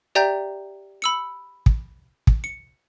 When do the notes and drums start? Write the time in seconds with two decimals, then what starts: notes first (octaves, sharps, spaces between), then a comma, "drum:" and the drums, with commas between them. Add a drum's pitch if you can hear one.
0.15 G4 D5 E5 G5 A#5 G6
1.02 B5 E6 C#7
1.66 drum: kick
2.27 drum: kick
2.44 C#7